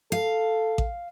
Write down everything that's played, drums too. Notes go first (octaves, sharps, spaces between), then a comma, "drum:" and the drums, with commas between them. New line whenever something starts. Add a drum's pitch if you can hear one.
A4 F5
drum: kick A1